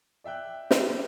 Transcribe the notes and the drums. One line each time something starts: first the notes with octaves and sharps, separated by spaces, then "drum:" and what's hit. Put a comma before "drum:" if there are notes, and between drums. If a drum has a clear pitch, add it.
D5 E5 G5 F#6
drum: snare